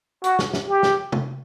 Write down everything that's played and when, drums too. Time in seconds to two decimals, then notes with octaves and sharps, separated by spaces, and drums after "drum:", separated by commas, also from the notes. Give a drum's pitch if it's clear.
0.24 F#4, drum: hi-hat
0.39 drum: snare
0.54 drum: snare
0.69 G4
0.83 drum: snare
1.12 drum: tom